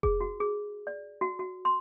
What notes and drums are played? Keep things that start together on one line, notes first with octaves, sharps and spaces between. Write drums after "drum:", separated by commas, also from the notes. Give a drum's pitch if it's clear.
G#4, drum: kick F1
F#4
G#4
D5
F#4
F#4
C6